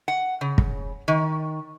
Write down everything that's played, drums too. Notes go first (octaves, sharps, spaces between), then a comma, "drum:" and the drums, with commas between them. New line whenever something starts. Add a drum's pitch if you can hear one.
F#5
C#3
drum: kick
D#3